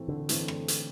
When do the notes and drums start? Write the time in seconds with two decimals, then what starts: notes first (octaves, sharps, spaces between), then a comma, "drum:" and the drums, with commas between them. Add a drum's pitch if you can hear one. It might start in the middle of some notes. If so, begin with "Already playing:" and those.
Already playing: A2 E3 A3 C4
0.08 D3
0.29 A2 E3 A3 C4, drum: hi-hat
0.48 drum: rim click
0.68 drum: hi-hat